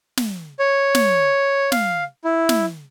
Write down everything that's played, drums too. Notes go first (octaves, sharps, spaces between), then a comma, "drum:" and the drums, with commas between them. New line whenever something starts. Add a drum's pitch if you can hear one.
drum: snare
C#5
drum: snare
F5, drum: snare
E4
drum: snare